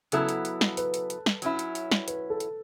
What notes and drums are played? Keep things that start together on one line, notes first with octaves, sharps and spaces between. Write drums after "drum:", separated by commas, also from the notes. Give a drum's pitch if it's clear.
C#3 F#3 B3 E4 A4, drum: hi-hat
drum: hi-hat
drum: hi-hat
drum: snare
B4, drum: hi-hat
drum: hi-hat
drum: hi-hat
drum: snare
F#3 C#4 E4, drum: hi-hat
drum: hi-hat
drum: hi-hat
drum: snare
B4, drum: hi-hat
A4
drum: hi-hat